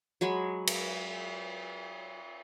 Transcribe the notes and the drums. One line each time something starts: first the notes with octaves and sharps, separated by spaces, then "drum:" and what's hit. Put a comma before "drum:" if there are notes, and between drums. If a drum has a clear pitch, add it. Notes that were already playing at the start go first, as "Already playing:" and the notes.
F#3 G#3 G#5 B5
drum: cymbal